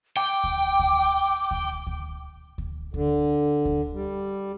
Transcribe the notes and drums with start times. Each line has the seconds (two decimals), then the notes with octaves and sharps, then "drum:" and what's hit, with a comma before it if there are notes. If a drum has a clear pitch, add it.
0.17 G5 D6
0.44 drum: kick D2
0.79 drum: kick D2
1.51 drum: kick D2
1.87 drum: kick D2
2.58 drum: kick D2
2.94 D3, drum: kick D2
3.65 drum: kick D2
3.93 G3